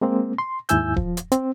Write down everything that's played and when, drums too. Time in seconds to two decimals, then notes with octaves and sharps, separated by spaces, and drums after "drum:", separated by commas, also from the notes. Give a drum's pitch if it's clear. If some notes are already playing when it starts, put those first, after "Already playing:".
0.01 G#3 A#3 C4
0.38 C6
0.69 D#2 G#2 E4 G#5 E6 G6, drum: hi-hat
0.96 F3, drum: kick D#1
1.17 drum: hi-hat
1.32 C4, drum: hi-hat